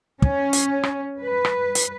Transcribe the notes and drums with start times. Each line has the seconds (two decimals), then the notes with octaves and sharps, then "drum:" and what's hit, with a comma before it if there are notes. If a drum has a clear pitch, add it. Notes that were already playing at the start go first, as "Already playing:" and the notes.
0.22 C#4, drum: kick
0.53 drum: hi-hat
0.83 drum: rim click
1.19 B4
1.45 drum: rim click
1.75 drum: hi-hat